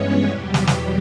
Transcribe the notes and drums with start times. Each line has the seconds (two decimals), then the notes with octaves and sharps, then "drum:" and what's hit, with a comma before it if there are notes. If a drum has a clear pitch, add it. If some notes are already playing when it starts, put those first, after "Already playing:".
Already playing: G2 E3 G#3 B3 C#4 C#5
0.27 E2 B2 F#3 G3 G4
0.54 drum: snare
0.67 drum: snare